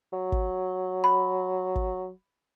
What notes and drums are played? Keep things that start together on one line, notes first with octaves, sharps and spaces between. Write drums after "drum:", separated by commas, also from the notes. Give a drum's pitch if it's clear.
F#3
drum: kick
B5
drum: kick